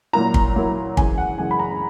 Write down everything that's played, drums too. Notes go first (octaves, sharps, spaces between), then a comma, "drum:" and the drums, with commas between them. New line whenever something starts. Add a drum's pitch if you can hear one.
A#2 F#3 A#3 E4 A#5
drum: kick
A#2 F#3 A#3 E4
F#2 C#3 E3 G#3 G#5, drum: kick
F#5
F#2 C#3 E3 G#3 G#5
B5
A#5